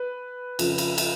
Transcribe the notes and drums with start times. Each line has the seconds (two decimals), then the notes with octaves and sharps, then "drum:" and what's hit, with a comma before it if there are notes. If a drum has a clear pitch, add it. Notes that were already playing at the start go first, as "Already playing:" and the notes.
Already playing: B4
0.59 F2 C#3 F3, drum: cymbal
0.78 drum: cymbal
0.98 drum: cymbal